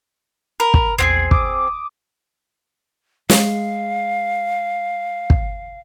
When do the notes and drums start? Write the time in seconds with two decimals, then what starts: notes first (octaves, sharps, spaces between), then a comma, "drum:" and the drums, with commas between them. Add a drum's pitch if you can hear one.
0.60 A#4 B5
0.74 drum: kick
0.99 A#1 E2 C4 G4 G#4 G#6
1.31 D6 D#6, drum: kick
3.30 G#3 F5, drum: snare
5.30 drum: kick